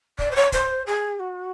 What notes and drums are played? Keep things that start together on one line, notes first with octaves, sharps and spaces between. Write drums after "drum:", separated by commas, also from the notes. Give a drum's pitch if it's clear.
D5, drum: kick
C5
C#5
C5, drum: kick, hi-hat
G#4
F#4